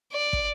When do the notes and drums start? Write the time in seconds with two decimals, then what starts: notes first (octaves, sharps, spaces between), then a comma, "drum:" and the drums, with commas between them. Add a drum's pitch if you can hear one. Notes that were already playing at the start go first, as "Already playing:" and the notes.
0.13 D5
0.33 drum: kick